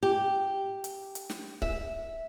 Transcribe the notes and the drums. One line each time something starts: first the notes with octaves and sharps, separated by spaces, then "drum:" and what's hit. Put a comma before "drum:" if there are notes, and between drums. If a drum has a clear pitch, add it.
G4
drum: hi-hat
drum: hi-hat
drum: snare
E5, drum: kick C#1